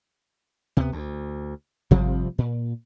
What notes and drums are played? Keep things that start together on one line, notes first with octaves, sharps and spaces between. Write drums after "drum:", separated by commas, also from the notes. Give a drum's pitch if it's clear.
C3 B3, drum: tom D2
D2
C3 F3 G3 C4, drum: kick G#1
A#2